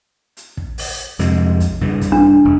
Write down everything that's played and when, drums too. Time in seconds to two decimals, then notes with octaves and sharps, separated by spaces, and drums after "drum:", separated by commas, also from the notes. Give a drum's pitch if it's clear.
0.37 drum: hi-hat
0.57 drum: kick
0.78 drum: open hi-hat
1.19 F2 C3 G#3, drum: hi-hat
1.60 drum: kick, hi-hat
1.81 G2 C#3 E3
2.01 drum: kick, hi-hat
2.12 D4
2.45 E1